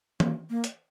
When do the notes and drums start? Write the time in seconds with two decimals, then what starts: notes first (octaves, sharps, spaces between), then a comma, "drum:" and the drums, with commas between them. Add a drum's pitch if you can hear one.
0.20 A#3, drum: tom E3
0.50 A#3
0.64 drum: hi-hat